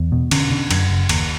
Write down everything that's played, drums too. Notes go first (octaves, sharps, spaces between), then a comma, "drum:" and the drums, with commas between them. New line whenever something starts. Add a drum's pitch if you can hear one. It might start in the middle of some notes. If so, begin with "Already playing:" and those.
Already playing: E2
B2
D3 C#4, drum: cymbal
D3
F#2, drum: cymbal
F#1
D#2, drum: cymbal